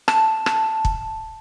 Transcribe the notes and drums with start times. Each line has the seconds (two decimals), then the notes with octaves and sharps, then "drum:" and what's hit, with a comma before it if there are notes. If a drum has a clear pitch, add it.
0.08 A5, drum: rim click
0.46 drum: rim click
0.85 drum: kick